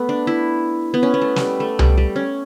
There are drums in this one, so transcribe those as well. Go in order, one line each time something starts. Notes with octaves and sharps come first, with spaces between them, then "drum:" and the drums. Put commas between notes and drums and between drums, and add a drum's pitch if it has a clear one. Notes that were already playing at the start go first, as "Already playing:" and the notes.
Already playing: A3 B3
D4
E4
B3
C#4
B3
A3
G3 A3, drum: snare
A3
G3, drum: tom C2
G3
C#4